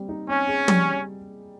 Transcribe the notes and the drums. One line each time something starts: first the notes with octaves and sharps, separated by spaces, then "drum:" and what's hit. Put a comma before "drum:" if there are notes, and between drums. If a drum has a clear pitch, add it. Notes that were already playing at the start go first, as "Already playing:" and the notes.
Already playing: G3 C4
D#4
C4 C#4
G#4
G3, drum: tom